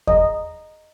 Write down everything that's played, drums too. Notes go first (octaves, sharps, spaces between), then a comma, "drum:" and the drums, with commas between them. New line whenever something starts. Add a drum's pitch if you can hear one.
D#5, drum: kick E2